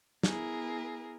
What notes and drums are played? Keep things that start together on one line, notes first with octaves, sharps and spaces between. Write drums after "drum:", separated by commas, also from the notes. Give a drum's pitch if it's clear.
B3 E4 G#4 A#4, drum: snare